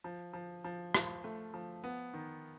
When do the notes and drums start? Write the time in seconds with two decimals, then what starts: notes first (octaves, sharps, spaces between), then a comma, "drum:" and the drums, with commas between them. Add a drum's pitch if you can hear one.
0.04 F3
0.33 F3
0.64 F3
0.94 F3, drum: rim click
1.24 A3
1.54 F3
1.84 B3
2.13 D#3